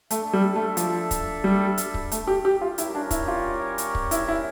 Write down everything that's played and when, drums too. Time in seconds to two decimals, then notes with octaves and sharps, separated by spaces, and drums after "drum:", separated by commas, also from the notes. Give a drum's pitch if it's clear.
0.11 A3 D4 A4 E5, drum: hi-hat
0.33 G3
0.56 A3
0.77 F3, drum: hi-hat
1.11 drum: kick, hi-hat
1.44 G3
1.78 drum: hi-hat
1.94 drum: kick
2.12 A3, drum: hi-hat
2.28 G4
2.45 G4
2.61 F4
2.78 G3 C#4 E4 G4 A#4 C#5, drum: hi-hat
2.95 D4
3.11 E4, drum: kick, hi-hat
3.28 F4
3.78 drum: hi-hat
3.95 drum: kick
4.11 E4, drum: hi-hat
4.28 E4